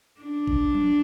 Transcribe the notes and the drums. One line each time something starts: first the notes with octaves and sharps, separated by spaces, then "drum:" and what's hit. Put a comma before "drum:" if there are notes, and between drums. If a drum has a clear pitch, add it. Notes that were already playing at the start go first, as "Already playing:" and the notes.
D4
drum: kick G#1
drum: tom